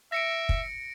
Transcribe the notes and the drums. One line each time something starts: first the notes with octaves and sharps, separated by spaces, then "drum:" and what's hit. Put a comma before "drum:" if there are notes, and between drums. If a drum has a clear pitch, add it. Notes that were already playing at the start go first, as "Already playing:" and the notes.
E5 A#6 C#7 D7
drum: kick